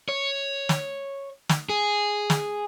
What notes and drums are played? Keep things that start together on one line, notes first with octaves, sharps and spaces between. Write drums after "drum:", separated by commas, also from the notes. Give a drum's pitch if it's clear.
C#5
drum: snare
drum: snare
G#4
drum: snare